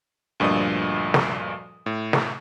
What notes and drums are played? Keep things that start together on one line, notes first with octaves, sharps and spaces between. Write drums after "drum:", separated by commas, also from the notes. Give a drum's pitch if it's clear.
D2 G2 A#2 F3 D#5 D#6
drum: snare
A2
drum: snare